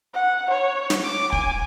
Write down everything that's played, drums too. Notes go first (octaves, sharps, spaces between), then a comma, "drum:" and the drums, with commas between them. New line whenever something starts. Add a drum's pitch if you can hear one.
F#5
C#5
drum: snare
D6
G#5, drum: kick